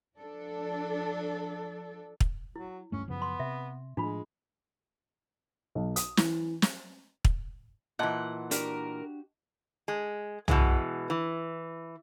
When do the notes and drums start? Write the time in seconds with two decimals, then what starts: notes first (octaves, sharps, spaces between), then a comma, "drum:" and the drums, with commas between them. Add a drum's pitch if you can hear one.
0.15 F3 D4 A4
2.20 drum: kick
2.56 F#3 E4
2.92 D1 G2 A3 C#4
3.08 F#2 C#3 F3 B3
3.22 C6
3.40 C3 E5
3.97 A2 F3 G#3 D4 F4 B5
5.75 B1
5.96 D#6, drum: hi-hat
6.17 E3, drum: snare
6.62 drum: snare
7.25 drum: kick
7.99 A#2 E3 D#5 F#5 A5 C6
8.51 D4 F#4 G4 A#4, drum: hi-hat
9.88 G#3
10.48 B2 E3 G#3, drum: tom
11.10 E3